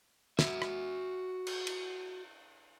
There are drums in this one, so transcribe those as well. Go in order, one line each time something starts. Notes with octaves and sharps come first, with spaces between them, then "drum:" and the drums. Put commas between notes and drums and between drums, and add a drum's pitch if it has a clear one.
F#4 E5, drum: snare
drum: rim click
drum: cymbal
drum: cymbal